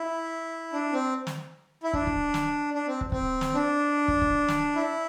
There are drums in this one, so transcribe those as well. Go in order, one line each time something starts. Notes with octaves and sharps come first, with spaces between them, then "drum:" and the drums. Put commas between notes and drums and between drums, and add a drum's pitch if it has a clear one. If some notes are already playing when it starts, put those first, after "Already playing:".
Already playing: E4
D4
C4
drum: snare
E4
D4, drum: kick
drum: kick
drum: snare
D4
C4
drum: kick
C4, drum: kick
drum: snare
D4
drum: kick
drum: kick
drum: snare
E4